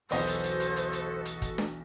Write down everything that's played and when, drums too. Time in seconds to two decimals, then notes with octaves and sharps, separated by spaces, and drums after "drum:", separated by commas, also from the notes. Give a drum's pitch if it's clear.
0.11 B1 E2 B3 F#4 A4 C5 D#5, drum: open hi-hat
0.27 drum: hi-hat
0.44 drum: hi-hat
0.60 drum: hi-hat
0.76 drum: hi-hat
0.93 drum: hi-hat
1.25 drum: hi-hat
1.42 drum: kick, hi-hat
1.58 drum: snare D4